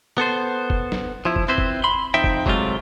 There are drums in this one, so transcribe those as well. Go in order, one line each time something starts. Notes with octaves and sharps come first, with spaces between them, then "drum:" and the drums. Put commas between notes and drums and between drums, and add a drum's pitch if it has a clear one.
B3 A4 C5
drum: kick
drum: snare
F3 E4
drum: kick
C4 E4 B4 C5
drum: kick
B5 C6
F2 D#4 C5 E5 G5
drum: kick
C3 F#3 G#3 A3 F4, drum: kick